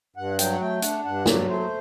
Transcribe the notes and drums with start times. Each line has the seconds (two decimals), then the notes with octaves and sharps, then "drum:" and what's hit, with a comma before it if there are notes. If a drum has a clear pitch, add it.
0.16 G2 F#5
0.39 F#3 G5, drum: hi-hat
0.52 F#5
0.60 A3 G5
0.82 D4 F#5, drum: hi-hat
1.05 G2 F#5
1.26 F#3 D5, drum: snare
1.48 A3 C5